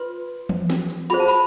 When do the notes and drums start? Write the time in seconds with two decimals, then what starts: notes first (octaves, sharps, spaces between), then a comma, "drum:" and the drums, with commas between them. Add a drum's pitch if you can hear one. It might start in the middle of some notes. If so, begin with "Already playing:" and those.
Already playing: F4 B4 C6
0.49 drum: tom E3
0.70 drum: snare
0.90 drum: hi-hat
1.10 F4 G#4 C5 B5, drum: hi-hat
1.20 A5
1.28 B5, drum: open hi-hat